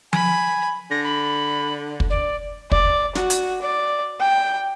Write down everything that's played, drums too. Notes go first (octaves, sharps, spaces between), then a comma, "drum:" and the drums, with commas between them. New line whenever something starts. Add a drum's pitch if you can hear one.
G#5 B5, drum: tom F3
D3 A#6
B5
drum: kick
D5
D5, drum: kick
F#4, drum: snare
drum: hi-hat
D5
G5